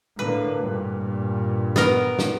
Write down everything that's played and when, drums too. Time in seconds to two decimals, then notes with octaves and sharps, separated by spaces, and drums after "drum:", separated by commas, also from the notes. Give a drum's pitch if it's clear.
0.19 A2 D3 A#3 B4
0.60 G2 A#2
1.76 B3 A#4, drum: snare
2.19 drum: snare